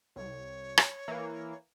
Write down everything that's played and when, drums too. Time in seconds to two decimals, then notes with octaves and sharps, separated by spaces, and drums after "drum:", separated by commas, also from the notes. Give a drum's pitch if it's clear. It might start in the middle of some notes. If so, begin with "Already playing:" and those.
0.16 C2 C#5
0.77 drum: rim click
1.08 E3 A#3